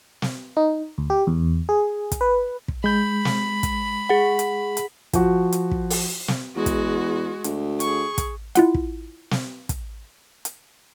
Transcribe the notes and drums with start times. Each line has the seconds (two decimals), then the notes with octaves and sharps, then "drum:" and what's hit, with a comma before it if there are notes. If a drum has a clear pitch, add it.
0.22 drum: snare
0.57 D#4
0.98 D2
1.10 G4
1.27 E2
1.69 G#4
2.12 drum: kick, hi-hat
2.21 B4
2.68 drum: kick
2.84 G#3 B5 G6
3.25 drum: snare
3.63 drum: kick, hi-hat
4.09 G#4 F#5
4.39 drum: hi-hat
4.77 drum: hi-hat
5.13 F3 F#4, drum: kick, hi-hat
5.52 drum: hi-hat
5.71 drum: kick
5.90 drum: open hi-hat
6.28 drum: snare
6.56 E2 G#3 F#4
6.66 drum: kick, hi-hat
7.44 D2, drum: hi-hat
7.80 G#4 C#6, drum: hi-hat
8.18 drum: kick, hi-hat
8.55 E4 F4 F#5, drum: hi-hat
8.74 drum: kick
9.31 drum: snare
9.69 drum: kick, hi-hat
10.45 drum: hi-hat